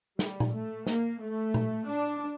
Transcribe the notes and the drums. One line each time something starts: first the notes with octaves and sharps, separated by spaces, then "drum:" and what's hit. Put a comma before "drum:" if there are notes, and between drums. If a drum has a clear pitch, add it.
G3, drum: snare
drum: tom A#2
A3
A#3, drum: snare
A3
drum: tom A#2
D4